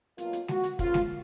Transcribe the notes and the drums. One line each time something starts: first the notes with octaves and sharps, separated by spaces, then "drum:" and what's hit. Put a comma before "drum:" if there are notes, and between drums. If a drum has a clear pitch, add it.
B2 F#3 A#3 F4, drum: hi-hat
drum: hi-hat
F#4, drum: snare G#3
drum: hi-hat
F#2 C#3 F3 A#3 F4, drum: kick, hi-hat
drum: snare G#3